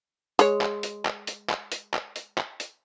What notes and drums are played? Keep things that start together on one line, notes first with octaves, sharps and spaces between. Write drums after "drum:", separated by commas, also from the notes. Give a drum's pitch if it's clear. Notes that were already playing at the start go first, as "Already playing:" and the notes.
G#3 C#5, drum: hi-hat
drum: clap
drum: hi-hat
drum: clap
drum: hi-hat
drum: clap
drum: hi-hat
drum: clap
drum: hi-hat
drum: clap
drum: hi-hat